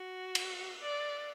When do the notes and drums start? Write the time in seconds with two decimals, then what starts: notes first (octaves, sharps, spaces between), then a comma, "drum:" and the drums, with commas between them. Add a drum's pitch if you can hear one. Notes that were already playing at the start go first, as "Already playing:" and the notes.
Already playing: F#4
0.35 drum: cymbal
0.81 D5